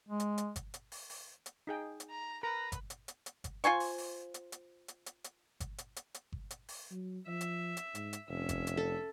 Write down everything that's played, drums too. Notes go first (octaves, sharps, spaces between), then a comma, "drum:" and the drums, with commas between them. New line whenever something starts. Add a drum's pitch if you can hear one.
G#3
drum: hi-hat
drum: hi-hat
drum: kick G1, hi-hat
drum: hi-hat
drum: open hi-hat
drum: open hi-hat
drum: hi-hat
D#4 G#4 G5
drum: hi-hat
A#5
A#4 B4 A#5
drum: kick G1, hi-hat
drum: hi-hat
drum: hi-hat
drum: hi-hat
drum: kick G1, hi-hat
F4 C5 G#5 C#6, drum: hi-hat
drum: open hi-hat
drum: open hi-hat
drum: hi-hat
drum: hi-hat
drum: hi-hat
drum: hi-hat
drum: hi-hat
drum: kick G1, hi-hat
drum: hi-hat
drum: hi-hat
drum: hi-hat
drum: kick G1
drum: hi-hat
drum: open hi-hat
F#3
F3 E5
drum: hi-hat
drum: hi-hat
G#2, drum: hi-hat
drum: hi-hat
F1 C#4 E5
drum: kick G1, hi-hat
drum: hi-hat
A4